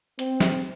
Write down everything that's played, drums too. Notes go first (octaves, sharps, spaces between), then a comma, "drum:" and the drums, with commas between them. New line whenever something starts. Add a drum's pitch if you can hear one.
C4, drum: hi-hat
drum: snare